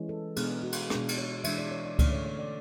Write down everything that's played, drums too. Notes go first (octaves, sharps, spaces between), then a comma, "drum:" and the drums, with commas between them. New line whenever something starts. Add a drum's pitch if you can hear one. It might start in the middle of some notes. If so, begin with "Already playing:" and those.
Already playing: E3 G#3 C#4
A4
B2 G#3 B3 D4 G#4, drum: cymbal
F#4
drum: cymbal
B2 G#3 D4 G#4, drum: rim click
drum: cymbal
C#5
E3 G#3 D4 E5, drum: cymbal
D5
C#5
D5
D3 A3 C#4 D5, drum: kick C#2, cymbal
C#5
C#5
D5